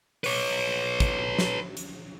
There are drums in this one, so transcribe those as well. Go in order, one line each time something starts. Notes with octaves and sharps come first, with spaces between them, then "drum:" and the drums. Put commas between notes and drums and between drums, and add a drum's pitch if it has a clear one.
B4 C#5, drum: open hi-hat
drum: kick, hi-hat
drum: snare
drum: hi-hat